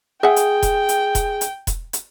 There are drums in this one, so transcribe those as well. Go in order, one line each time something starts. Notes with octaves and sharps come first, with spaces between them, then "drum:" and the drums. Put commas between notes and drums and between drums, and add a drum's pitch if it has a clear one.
G#4 E5 F#5 G5
drum: hi-hat
drum: kick E1, hi-hat
drum: hi-hat
drum: kick E1, hi-hat
drum: hi-hat
drum: kick E1, hi-hat
drum: hi-hat